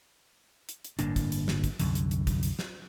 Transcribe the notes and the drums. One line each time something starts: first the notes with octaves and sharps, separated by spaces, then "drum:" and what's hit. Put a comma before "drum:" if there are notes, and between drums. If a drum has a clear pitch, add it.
drum: hi-hat
drum: hi-hat
G1 A2 A#3 D4, drum: hi-hat
drum: kick, hi-hat
drum: hi-hat
drum: snare
drum: kick, hi-hat
C2 F#2 D3, drum: hi-hat
drum: hi-hat
drum: hi-hat
drum: kick, hi-hat
drum: hi-hat
drum: snare